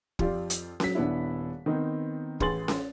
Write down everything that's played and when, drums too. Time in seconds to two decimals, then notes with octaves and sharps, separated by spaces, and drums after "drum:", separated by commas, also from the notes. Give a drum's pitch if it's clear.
0.19 F2 F4 G4 D5, drum: kick
0.50 drum: hi-hat
0.80 F#3 B6, drum: snare C#4
0.95 D#1 B3 D4 E4
1.66 D#3 B3 C4 D#4
2.40 A1 G#4 B4 C6 A6 F#7, drum: kick
2.68 drum: snare C#4